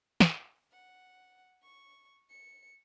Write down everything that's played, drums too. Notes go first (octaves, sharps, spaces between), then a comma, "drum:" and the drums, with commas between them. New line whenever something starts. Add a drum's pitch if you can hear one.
drum: snare
F#5
C#6
C#7